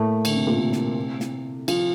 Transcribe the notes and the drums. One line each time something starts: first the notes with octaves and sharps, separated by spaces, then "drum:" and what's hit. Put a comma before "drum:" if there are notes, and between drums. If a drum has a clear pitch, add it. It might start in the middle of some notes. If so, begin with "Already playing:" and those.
Already playing: A2 A3 A#3
D3, drum: cymbal
C3
A#2
C3
drum: snare
drum: snare
F3, drum: cymbal